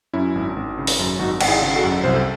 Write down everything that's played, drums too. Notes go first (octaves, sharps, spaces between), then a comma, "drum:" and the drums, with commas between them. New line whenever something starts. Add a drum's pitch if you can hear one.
F#2 C#4 E4
G#1
G#1
C#3
drum: open hi-hat
F#2
G#1 D#4 F#4
G#1, drum: cymbal
E4 G#4
C#3
F#4 A4
F#2
C2 C5
A4